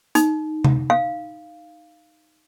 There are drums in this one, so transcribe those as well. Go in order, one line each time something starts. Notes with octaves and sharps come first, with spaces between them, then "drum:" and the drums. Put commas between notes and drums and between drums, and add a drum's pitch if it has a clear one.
D#4, drum: hi-hat
drum: tom C3
F5